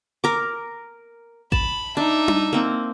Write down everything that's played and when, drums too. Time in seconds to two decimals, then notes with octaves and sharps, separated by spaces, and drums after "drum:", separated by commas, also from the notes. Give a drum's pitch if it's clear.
0.24 A#4 D6
1.52 A5 B5, drum: kick A1
1.97 D4 D#4 E5
2.28 drum: tom D4
2.53 A#3 C4